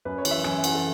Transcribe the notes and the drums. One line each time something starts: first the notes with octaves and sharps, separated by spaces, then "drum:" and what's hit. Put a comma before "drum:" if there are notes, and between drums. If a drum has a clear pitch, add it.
F#2 B4
C#5
E3, drum: cymbal
E5
F#2 G#5, drum: rim click
E5
E3 F#5, drum: cymbal
A4